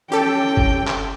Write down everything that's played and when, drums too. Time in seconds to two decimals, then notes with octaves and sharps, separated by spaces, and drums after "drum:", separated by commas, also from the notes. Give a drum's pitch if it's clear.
0.12 C#4 G4 A4 G5
0.57 drum: kick F#1
0.87 drum: clap